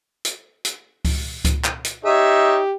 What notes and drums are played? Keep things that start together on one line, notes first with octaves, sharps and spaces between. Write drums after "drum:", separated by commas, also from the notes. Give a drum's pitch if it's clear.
drum: hi-hat
drum: hi-hat
drum: kick C#2, open hi-hat
drum: kick C#2, hi-hat
drum: clap
drum: hi-hat
D#4 G4 C#5 E5